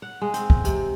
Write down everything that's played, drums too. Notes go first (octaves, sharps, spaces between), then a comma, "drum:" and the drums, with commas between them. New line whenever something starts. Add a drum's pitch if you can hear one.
F#5
G#3
C4, drum: hi-hat
drum: kick
C3, drum: hi-hat